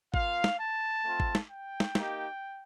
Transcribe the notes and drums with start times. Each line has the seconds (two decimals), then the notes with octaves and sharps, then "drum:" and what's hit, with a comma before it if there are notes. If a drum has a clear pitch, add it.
0.14 A#3 F4 F5, drum: kick G#1
0.44 drum: snare
0.59 A5
1.04 A3 C4 F4
1.20 drum: kick G#1
1.35 drum: snare
1.50 G5
1.80 drum: snare
1.95 A#3 D#4 G4, drum: snare